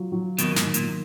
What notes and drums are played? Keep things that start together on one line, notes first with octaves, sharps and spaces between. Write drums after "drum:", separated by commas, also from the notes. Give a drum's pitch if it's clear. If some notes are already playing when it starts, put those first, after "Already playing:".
Already playing: F#3 F4
F#3
B2 D#3 A#3, drum: hi-hat
G#2 B2, drum: snare
D#3
A#2, drum: hi-hat